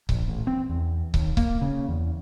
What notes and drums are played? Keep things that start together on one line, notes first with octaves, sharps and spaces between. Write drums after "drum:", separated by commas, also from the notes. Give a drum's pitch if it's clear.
A#1, drum: kick C#1
A1
C4
E2
D#2, drum: kick C#1
A#3, drum: kick C#1
C#3
E2